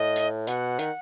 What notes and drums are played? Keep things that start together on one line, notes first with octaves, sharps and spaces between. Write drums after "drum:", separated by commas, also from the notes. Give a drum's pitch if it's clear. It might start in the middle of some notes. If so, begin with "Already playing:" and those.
Already playing: A2 D#5
drum: hi-hat
B2 F#5, drum: hi-hat
D#3, drum: hi-hat